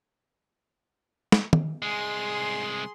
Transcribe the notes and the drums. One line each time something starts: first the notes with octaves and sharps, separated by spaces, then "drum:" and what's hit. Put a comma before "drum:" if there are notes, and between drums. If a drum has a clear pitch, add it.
drum: snare
drum: tom
C2 G#3 G#4 C6